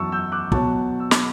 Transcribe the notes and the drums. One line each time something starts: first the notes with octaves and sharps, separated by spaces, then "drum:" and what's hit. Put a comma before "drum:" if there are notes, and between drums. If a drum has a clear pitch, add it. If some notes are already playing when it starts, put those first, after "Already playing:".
Already playing: F#2 E3 B3 A5 C#6 E6
E6 G6
D6 F#6
B2 F#3 B3 A5 C#6, drum: kick
E6
B5 D6, drum: snare